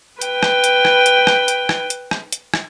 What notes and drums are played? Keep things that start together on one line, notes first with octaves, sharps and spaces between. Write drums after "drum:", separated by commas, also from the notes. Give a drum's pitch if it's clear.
B4 G5, drum: hi-hat
drum: rim click
drum: hi-hat
drum: rim click
drum: hi-hat
drum: rim click
drum: hi-hat
drum: rim click
drum: hi-hat
drum: rim click
drum: hi-hat
drum: rim click